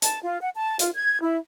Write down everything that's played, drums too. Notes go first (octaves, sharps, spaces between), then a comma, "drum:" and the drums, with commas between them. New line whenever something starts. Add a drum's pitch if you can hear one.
A5, drum: hi-hat
F4
F#5
A5
F4, drum: hi-hat
G#6
E4